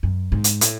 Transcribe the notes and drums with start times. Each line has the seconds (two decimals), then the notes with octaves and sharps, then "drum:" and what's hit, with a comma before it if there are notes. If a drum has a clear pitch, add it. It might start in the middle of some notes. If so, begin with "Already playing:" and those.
0.03 F#2
0.32 G#2
0.44 drum: hi-hat
0.61 A2, drum: hi-hat